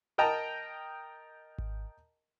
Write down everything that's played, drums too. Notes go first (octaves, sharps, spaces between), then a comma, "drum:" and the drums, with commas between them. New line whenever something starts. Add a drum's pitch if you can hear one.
A#4 D#5 G5 A5 A#5
drum: kick G#1